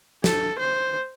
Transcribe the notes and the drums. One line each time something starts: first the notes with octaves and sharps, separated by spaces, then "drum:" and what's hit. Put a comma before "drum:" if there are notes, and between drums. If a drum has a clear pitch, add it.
A4, drum: snare
C5